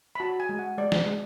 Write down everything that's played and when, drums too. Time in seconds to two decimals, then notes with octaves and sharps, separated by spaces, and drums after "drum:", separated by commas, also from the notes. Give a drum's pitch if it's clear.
0.15 B5
0.20 F#4 A5
0.40 G#5
0.49 G#3
0.59 F#5
0.78 G#3 D5
0.92 drum: snare
1.06 G#3